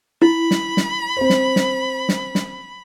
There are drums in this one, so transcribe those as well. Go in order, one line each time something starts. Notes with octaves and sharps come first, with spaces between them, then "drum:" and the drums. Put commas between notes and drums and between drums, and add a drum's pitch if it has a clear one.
E4 B5
drum: snare
drum: snare
C4 C5
drum: snare
drum: snare
drum: snare
drum: snare